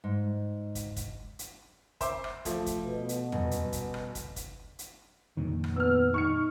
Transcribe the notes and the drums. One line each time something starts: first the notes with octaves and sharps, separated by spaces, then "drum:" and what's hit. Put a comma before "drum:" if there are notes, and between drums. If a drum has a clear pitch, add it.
G#2
drum: kick, hi-hat
drum: kick, hi-hat
drum: hi-hat
C5 E5 D6, drum: kick, hi-hat
drum: rim click
F3 A3, drum: kick, hi-hat
drum: kick, hi-hat
B2
drum: hi-hat
D#1, drum: tom
drum: hi-hat
drum: kick, hi-hat
drum: rim click
drum: kick, hi-hat
drum: kick, hi-hat
drum: hi-hat
F2 A#2 D#3
drum: rim click
B3 E6 F6
D#4 C#6 F6 C#7